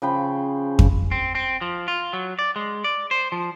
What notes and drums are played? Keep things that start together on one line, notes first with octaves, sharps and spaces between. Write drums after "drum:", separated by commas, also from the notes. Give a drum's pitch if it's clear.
C#3 F3 G5 B5
drum: kick F2
C4
C4
F3
F4
F#3
D5
G#3
D5
C5
F3